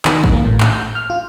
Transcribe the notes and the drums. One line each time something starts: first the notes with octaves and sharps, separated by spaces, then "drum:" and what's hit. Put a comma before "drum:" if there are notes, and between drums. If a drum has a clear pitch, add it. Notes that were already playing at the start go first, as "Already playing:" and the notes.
D#3, drum: clap
drum: kick
A#3
A2
drum: clap
G6
F6
F4